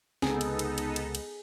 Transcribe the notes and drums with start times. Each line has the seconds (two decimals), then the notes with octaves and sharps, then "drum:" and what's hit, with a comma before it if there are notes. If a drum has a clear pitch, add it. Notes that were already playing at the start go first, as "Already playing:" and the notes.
0.22 C#2 C3 B3 D#4 G#4 A4, drum: snare
0.41 drum: cymbal
0.59 drum: cymbal
0.78 drum: cymbal
0.96 drum: cymbal
1.15 drum: cymbal